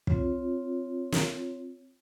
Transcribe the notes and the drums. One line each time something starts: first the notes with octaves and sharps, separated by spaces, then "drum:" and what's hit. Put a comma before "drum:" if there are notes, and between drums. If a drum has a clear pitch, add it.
C4 F4 C#5, drum: kick
drum: snare